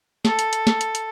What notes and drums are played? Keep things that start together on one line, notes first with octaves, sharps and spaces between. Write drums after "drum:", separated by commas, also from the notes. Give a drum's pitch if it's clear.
A4, drum: snare
drum: hi-hat
drum: hi-hat
drum: snare
drum: hi-hat
drum: hi-hat